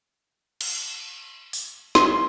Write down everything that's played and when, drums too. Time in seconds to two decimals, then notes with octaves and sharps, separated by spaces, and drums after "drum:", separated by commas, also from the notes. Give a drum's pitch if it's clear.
0.61 drum: cymbal
1.53 drum: open hi-hat
1.95 C6, drum: snare